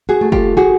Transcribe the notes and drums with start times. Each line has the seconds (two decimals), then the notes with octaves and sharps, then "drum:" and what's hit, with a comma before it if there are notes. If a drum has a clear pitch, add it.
0.09 F#4 G#4
0.21 A3
0.32 F4 G4, drum: kick
0.57 F#4 G#4